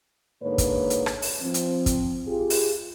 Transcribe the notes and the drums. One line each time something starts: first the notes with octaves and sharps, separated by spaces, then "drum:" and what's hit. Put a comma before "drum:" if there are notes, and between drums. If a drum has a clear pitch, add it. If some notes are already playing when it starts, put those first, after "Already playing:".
G#2 D3 A#3 B4 C#5
drum: kick, hi-hat
drum: hi-hat
drum: rim click
drum: open hi-hat
F3 C4
drum: hi-hat
drum: kick, hi-hat
F4 G4 G#4
drum: open hi-hat